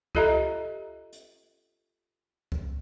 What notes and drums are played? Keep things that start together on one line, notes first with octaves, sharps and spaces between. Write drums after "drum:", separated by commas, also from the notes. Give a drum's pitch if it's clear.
F4 G4 A4 D#5 E5 A#5, drum: kick C#2
drum: hi-hat
drum: kick C#2